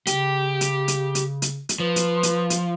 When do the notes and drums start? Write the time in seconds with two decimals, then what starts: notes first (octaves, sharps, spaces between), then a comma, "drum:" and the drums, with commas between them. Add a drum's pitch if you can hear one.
0.07 C#3 G4, drum: hi-hat
0.61 drum: hi-hat
0.88 drum: hi-hat
1.15 drum: hi-hat
1.42 drum: hi-hat
1.69 drum: hi-hat
1.80 F3 B4
1.96 drum: hi-hat
2.23 drum: hi-hat
2.50 drum: hi-hat